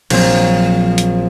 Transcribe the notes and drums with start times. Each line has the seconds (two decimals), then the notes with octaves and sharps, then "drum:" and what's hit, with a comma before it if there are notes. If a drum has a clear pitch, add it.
0.10 A#1 F#3 C4 C5, drum: cymbal
0.98 drum: hi-hat